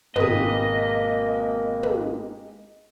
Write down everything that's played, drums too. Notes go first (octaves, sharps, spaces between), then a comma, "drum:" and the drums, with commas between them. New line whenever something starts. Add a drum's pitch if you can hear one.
G#1 B2 G#3 A#3 G4 B4 D#5 D#6, drum: tom
drum: tom